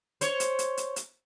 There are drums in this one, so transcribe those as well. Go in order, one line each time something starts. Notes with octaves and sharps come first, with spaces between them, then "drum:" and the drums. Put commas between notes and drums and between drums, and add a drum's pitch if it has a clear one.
C5 C#5, drum: hi-hat
drum: hi-hat
drum: hi-hat
drum: hi-hat
drum: hi-hat